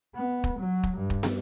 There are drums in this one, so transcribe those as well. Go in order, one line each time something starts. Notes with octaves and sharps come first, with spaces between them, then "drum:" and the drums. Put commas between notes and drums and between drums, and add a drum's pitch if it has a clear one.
B3
drum: kick
F#3
drum: kick
G2
drum: kick
drum: snare